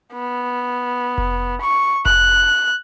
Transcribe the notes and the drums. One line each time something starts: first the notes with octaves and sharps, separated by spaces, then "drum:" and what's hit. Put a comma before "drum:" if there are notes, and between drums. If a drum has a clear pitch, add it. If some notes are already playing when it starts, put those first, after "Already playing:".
B3
drum: kick F1
C#6
F#6, drum: kick F1